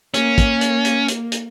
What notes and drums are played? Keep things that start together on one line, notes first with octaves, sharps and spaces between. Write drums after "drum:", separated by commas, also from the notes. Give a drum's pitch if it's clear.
A#3 C#4, drum: hi-hat
drum: kick, hi-hat
drum: hi-hat
drum: hi-hat
drum: hi-hat
drum: hi-hat